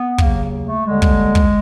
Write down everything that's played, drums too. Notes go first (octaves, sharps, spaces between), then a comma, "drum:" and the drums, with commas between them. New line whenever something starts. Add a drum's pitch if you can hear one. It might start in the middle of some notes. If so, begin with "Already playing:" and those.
Already playing: B3
D#2 C#3 F#3 A#3, drum: kick
A3
D#2 D3 G3 G#3
drum: kick
drum: kick